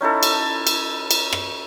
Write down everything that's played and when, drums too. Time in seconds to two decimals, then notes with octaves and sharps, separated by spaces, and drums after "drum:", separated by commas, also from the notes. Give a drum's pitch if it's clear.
0.01 C#4 D#4 E4 A4
0.23 drum: cymbal
0.67 drum: cymbal
1.11 drum: cymbal
1.33 drum: rim click